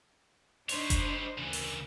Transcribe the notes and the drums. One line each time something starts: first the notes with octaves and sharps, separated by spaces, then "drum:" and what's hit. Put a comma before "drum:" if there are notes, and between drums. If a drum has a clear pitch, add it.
G3 D4 D#4 C5 C#5, drum: open hi-hat
drum: kick F#1, hi-hat
D2 C#3 E3 A#4
drum: open hi-hat